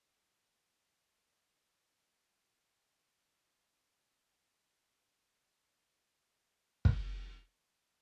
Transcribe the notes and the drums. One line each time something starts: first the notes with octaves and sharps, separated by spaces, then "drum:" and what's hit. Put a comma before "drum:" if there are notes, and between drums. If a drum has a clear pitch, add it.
A3
A3
B1
B1
B2
A3
B1
B2
B1
A3
B1
A3
A3
A3
B2
C#4
A3
A3
B2
A3
B2
C#4
B2
B2
C#4
B2
drum: kick